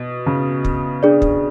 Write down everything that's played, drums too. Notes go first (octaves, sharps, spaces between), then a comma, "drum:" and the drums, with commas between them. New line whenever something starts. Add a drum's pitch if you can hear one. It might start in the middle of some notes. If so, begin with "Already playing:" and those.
Already playing: B2
C#3
drum: kick
D4 G#4 D5
drum: kick